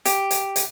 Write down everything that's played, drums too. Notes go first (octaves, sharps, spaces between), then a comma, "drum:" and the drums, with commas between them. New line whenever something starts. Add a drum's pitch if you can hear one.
G4, drum: hi-hat
drum: hi-hat
drum: hi-hat